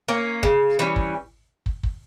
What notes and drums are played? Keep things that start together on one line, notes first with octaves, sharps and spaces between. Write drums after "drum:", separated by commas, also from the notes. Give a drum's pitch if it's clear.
A#3 C#4
C#3, drum: kick
E3 G3 C#4
drum: kick
drum: kick
drum: kick